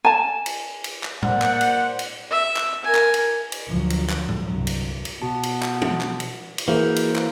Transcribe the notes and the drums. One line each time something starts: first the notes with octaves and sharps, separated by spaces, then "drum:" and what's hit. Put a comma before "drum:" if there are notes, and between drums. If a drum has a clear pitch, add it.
G#5 A5
drum: cymbal
drum: cymbal
drum: clap
A#3 C5 D5 F#5, drum: tom A2
drum: clap
drum: cymbal
drum: cymbal
E5
drum: clap
A#4 G#5
drum: clap
drum: cymbal
drum: cymbal
D2 F3 F#3
drum: cymbal
drum: clap
drum: tom A2
C2 G2 D3 F#3
drum: cymbal
drum: cymbal
B2 B3 F#4 A5
drum: cymbal
drum: clap
drum: tom
drum: clap
drum: cymbal
drum: cymbal
E3 A#3 F#4 G#4 A#4 C5
drum: cymbal
drum: clap